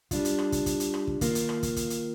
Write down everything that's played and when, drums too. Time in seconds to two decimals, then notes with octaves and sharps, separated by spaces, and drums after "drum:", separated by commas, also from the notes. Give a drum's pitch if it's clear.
0.11 G3 D4 F4, drum: kick, hi-hat
0.25 drum: hi-hat
0.39 drum: rim click
0.52 drum: kick, hi-hat
0.66 drum: kick, hi-hat
0.80 drum: hi-hat
0.94 drum: rim click
1.07 drum: kick
1.21 D#3 A#3 F4, drum: kick, hi-hat
1.35 drum: hi-hat
1.49 drum: rim click
1.63 drum: kick, hi-hat
1.76 drum: kick, hi-hat
1.90 drum: hi-hat